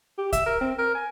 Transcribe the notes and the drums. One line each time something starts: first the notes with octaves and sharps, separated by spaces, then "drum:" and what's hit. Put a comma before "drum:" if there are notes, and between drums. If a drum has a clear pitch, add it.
G4
E5, drum: kick C2, hi-hat
A#4
C4
A#4
G#5